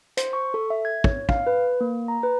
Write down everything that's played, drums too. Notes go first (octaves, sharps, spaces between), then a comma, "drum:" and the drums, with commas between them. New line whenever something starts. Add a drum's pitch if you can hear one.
C5, drum: hi-hat
C#6
A4
E5
G#6
C#5, drum: kick
F5, drum: kick
B4
A#3
A#5
B4